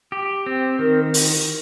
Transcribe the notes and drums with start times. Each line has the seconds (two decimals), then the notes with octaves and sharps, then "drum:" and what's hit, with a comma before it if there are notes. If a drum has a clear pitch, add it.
0.12 G4
0.46 C4
0.79 D#3 A#4
1.14 drum: open hi-hat